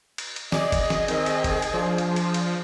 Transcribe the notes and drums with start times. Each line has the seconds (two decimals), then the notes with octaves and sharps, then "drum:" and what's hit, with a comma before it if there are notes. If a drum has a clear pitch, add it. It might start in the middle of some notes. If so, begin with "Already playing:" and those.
0.18 drum: cymbal
0.36 drum: cymbal
0.52 G#4 D5 D#5, drum: snare
0.72 drum: kick, cymbal
0.90 drum: snare
1.08 D#3 C4, drum: cymbal
1.26 drum: cymbal
1.44 drum: kick, cymbal
1.62 drum: cymbal
1.74 F3 D4 C5
1.98 drum: cymbal
2.16 drum: cymbal
2.34 drum: cymbal